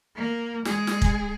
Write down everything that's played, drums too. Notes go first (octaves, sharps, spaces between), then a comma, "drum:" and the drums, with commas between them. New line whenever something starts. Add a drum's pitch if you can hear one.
A#3
G#3 G#4, drum: snare
drum: snare
drum: kick